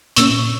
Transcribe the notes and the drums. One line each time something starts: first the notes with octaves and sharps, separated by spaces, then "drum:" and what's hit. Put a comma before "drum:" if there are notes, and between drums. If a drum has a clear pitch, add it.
A#2 A#3 C#4 C#6 E6, drum: hi-hat